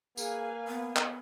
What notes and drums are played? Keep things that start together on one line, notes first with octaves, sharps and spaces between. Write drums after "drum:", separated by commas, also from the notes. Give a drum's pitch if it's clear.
A#3 G#4 B4 F5 G#5, drum: tambourine
B3
drum: clap